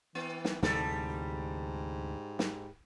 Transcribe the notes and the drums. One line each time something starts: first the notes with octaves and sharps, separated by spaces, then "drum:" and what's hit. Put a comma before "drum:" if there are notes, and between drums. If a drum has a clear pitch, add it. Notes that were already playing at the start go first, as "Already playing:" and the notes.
E3 B3
drum: snare
D2 G#2 C3 E3 G3 A4, drum: snare
drum: snare